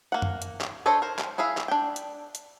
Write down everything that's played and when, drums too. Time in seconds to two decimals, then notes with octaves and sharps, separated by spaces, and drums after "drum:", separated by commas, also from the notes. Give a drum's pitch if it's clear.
0.12 A#3 F#5
0.22 drum: tom F#2
0.42 drum: hi-hat
0.61 drum: clap
0.86 D4 A4 C5 C#5 D#5
1.02 A#4 C5
1.19 drum: clap
1.38 E4 G#4 E5 F5
1.57 drum: clap
1.68 D4 G5
1.96 drum: hi-hat
2.35 drum: hi-hat